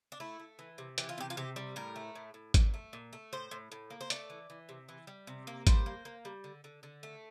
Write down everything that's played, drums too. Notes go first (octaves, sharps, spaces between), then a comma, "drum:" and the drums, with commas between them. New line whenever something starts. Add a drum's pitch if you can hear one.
D4
A3 E4
A3
E3
C3
E3 G4, drum: hi-hat
F4
C3 G4
F4
C3 G4
G3
A2 A#4
A3
A2
A2
A#2, drum: kick G#1, hi-hat
A3
A#2
A3
A2 C5
A2
A2
A#3
C5
A3 D5, drum: hi-hat
E3
E3
C3
E3
G3
C3
A#3
G3 C5, drum: kick G#1, hi-hat
A#3
A#3
G3
D3
D3
D3
A3